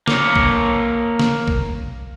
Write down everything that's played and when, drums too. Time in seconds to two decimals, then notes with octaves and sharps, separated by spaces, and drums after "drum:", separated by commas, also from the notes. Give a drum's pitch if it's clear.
0.08 A#3 C#5, drum: snare
0.36 drum: kick
1.19 drum: snare
1.47 drum: kick